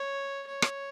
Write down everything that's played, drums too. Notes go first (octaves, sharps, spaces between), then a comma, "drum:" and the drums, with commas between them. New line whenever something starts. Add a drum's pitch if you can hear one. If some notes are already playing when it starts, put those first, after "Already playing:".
Already playing: C#5
C#5
drum: rim click